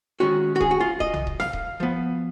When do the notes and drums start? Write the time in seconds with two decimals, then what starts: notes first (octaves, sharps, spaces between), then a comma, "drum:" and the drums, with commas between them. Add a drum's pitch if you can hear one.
0.20 D#3 G#3 C#4 F#4
0.56 F#4
0.60 G#4, drum: kick D#1
0.71 F#4
0.80 F4
1.00 D#5, drum: kick D#1
1.14 drum: tom B1
1.27 drum: kick D#1
1.40 F5, drum: snare
1.53 drum: kick D#1
1.80 F3 B3